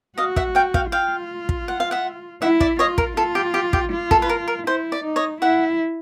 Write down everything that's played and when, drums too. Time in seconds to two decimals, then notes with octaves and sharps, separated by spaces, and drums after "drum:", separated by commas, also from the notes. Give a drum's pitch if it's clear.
0.17 F#4 D#5 F5
0.36 E5 F#5, drum: kick
0.55 F5 G5
0.74 F5 G5, drum: kick
0.92 F4 F5 G5
1.49 drum: kick
1.68 F#5
1.80 F5
1.91 E5 F#5
2.42 E4 E5 F#5
2.60 D5 E5, drum: kick
2.79 F4 C#5 D#5
2.98 A#4, drum: kick
3.17 F4 A4
3.35 G4
3.54 G4
3.73 G4, drum: kick
3.92 F4
4.11 A4, drum: kick
4.22 B4
4.29 A#4
4.48 A#4
4.66 E4 C5
4.92 D5
5.04 D#4
5.16 C#5 D#5
5.41 E4 E5 F#5